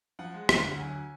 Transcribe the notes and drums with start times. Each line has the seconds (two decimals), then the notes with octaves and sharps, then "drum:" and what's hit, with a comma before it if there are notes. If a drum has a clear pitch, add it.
0.19 F3 F#5
0.34 G#3
0.49 D2, drum: rim click
0.65 D2
0.71 F#5
0.79 F#3 G#5